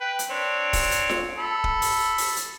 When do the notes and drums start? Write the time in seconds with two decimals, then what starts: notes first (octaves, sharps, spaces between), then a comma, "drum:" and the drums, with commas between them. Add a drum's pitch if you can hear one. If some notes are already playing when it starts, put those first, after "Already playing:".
0.01 B4 G5
0.19 drum: hi-hat
0.29 C4 D4 C#5
0.73 drum: kick D#1, open hi-hat
0.91 drum: hi-hat
1.09 drum: snare F4
1.38 A4 B5
1.64 drum: kick D#1
1.82 drum: open hi-hat
2.18 drum: open hi-hat
2.36 drum: hi-hat